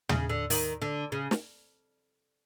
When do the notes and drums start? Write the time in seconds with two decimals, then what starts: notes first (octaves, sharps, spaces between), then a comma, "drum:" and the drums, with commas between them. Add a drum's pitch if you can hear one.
0.09 C#3, drum: tom
0.29 D3
0.50 D#3, drum: open hi-hat
0.82 D3
1.12 C#3
1.31 drum: snare